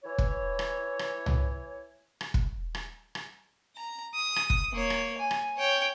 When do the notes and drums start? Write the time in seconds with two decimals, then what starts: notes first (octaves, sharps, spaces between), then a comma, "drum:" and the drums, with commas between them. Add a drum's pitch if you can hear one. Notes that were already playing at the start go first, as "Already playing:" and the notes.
0.04 E3 E4 C#5
0.18 drum: kick
0.59 drum: rim click
0.99 drum: rim click
1.26 drum: tom C2
2.21 drum: rim click
2.34 drum: kick
2.75 drum: rim click
3.15 drum: rim click
3.76 A#5
4.15 D#6
4.36 drum: rim click
4.50 drum: kick
4.73 A#3 C#5
4.90 drum: rim click
5.18 G#5
5.31 drum: rim click
5.58 C#5 G5